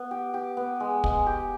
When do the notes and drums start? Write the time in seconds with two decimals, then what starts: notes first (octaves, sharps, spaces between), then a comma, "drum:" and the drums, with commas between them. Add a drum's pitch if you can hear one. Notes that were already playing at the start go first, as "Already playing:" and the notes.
Already playing: B3
0.11 G4
0.34 G4
0.57 B3
0.80 G#3
1.04 G#3, drum: kick
1.26 G4